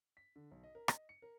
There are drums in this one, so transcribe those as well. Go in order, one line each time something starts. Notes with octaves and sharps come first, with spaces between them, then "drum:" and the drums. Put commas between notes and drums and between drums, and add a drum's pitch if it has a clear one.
B6
D3
B1
D#5
A#4
D#5, drum: rim click
C#7
A#4